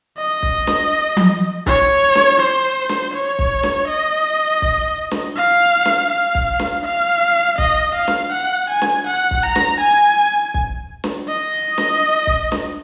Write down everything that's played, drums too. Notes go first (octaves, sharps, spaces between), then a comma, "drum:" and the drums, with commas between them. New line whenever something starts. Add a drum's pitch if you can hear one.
D#5
drum: kick
drum: snare
drum: tom F3
C#5, drum: kick
drum: snare
C5
drum: snare
C#5
drum: kick
drum: snare
D#5
drum: kick
drum: snare
F5
drum: snare
F5
drum: kick
drum: snare
F5
D#5, drum: kick
F5
drum: snare
F#5
G#5
drum: snare
F#5
drum: kick
A#5
drum: snare
G#5
drum: kick
drum: snare
D#5
drum: snare
drum: kick
drum: snare